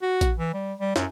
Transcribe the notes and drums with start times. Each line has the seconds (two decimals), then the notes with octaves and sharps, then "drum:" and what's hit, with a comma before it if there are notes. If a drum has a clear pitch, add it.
0.02 F#4
0.21 drum: kick A#1, hi-hat
0.37 E3
0.54 G3
0.79 G3
0.96 F#2, drum: snare